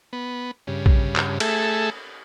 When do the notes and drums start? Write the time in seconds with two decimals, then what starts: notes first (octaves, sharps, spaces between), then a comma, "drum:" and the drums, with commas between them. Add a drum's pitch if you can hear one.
0.13 B3
0.67 G2 C#3
0.86 drum: kick
1.16 drum: clap
1.40 A3 G#4 A4 E5, drum: cymbal